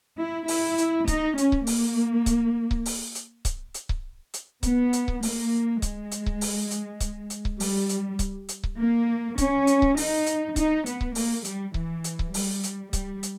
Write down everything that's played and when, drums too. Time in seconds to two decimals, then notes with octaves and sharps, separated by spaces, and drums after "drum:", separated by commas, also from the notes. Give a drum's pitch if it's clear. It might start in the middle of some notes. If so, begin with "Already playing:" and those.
0.19 E4
0.48 E4, drum: open hi-hat
0.78 drum: hi-hat
1.08 D#4, drum: kick C#1, hi-hat
1.38 C#4, drum: hi-hat
1.52 drum: kick C#1
1.67 A#3, drum: open hi-hat
2.26 drum: kick C#1, hi-hat
2.71 drum: kick C#1
2.86 drum: open hi-hat
3.15 drum: hi-hat
3.45 drum: kick C#1, hi-hat
3.74 drum: hi-hat
3.89 drum: kick C#1
4.34 drum: hi-hat
4.63 B3, drum: kick C#1, hi-hat
4.93 drum: hi-hat
5.08 drum: kick C#1
5.23 A#3, drum: open hi-hat
5.82 G#3, drum: kick C#1, hi-hat
6.12 drum: hi-hat
6.26 drum: kick C#1
6.41 drum: open hi-hat
6.71 drum: hi-hat
7.00 drum: kick C#1, hi-hat
7.30 drum: hi-hat
7.45 drum: kick C#1
7.60 G3, drum: open hi-hat
7.89 drum: hi-hat
8.19 drum: kick C#1, hi-hat
8.49 drum: hi-hat
8.63 drum: kick C#1
8.78 A#3
9.38 C#4, drum: kick C#1, hi-hat
9.67 drum: hi-hat
9.82 drum: kick C#1
9.97 D#4, drum: open hi-hat
10.27 drum: hi-hat
10.56 D#4, drum: kick C#1, hi-hat
10.86 B3, drum: hi-hat
11.01 drum: kick C#1
11.15 A#3, drum: open hi-hat
11.45 G3, drum: hi-hat
11.74 E3, drum: kick C#1
12.04 drum: hi-hat
12.19 drum: kick C#1
12.34 G3, drum: open hi-hat
12.64 drum: hi-hat
12.93 G3, drum: kick C#1, hi-hat
13.23 drum: hi-hat